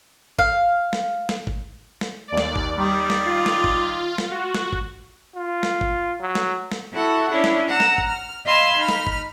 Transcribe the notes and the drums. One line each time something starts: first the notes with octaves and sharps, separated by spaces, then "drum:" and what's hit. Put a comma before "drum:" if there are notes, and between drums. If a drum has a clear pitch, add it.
F5, drum: kick
drum: snare
drum: snare
drum: kick
drum: snare
D#2 D5
drum: snare
drum: kick
D#3 G3 D5
drum: snare
F4
drum: snare
drum: kick
drum: snare
F#4
drum: snare
drum: kick
F4
drum: snare
drum: kick
F#3
drum: snare
drum: snare
E4 F#4 A4 F#5
C#4 D4 E4
drum: snare
F#5 A#5 E6
drum: snare
drum: kick
F6
D#5 F5 G#5 B5 C6 E6
D#4 B5 F6
drum: snare
drum: kick